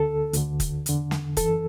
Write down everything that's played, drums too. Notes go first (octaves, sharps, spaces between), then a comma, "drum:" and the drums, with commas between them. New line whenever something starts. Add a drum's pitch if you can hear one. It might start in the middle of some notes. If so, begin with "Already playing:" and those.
Already playing: D2 D3 A4
D2 D3, drum: hi-hat
drum: kick, hi-hat
E2 D3, drum: hi-hat
drum: snare
F#2 E3 A4, drum: kick, hi-hat